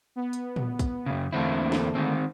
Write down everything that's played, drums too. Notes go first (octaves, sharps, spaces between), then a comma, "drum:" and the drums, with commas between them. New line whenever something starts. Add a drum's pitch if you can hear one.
B3
drum: hi-hat
drum: tom A#2
drum: kick, hi-hat
F#2 C#3
E2 D3 A3 A#3 C4 E4
drum: snare
D#3 C4